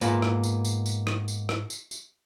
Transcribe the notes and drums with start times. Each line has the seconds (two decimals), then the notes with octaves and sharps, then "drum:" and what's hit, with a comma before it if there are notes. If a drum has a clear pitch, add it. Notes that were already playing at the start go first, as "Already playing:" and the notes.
0.01 G#2 A#3 B3 F4, drum: tambourine
0.22 drum: rim click
0.44 drum: tambourine
0.65 drum: tambourine
0.86 drum: tambourine
1.07 drum: rim click
1.28 drum: tambourine
1.49 drum: rim click
1.70 drum: tambourine
1.91 drum: tambourine